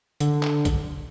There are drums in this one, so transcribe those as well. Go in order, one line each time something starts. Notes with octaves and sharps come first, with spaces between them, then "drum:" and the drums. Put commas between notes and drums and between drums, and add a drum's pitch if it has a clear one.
D3, drum: hi-hat
drum: clap
drum: kick, hi-hat